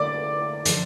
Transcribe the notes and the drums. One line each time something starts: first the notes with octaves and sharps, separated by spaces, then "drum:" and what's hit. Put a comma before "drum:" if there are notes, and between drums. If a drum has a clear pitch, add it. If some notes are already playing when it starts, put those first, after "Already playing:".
Already playing: D3 A3 E4 D5 D6
D3 F3, drum: hi-hat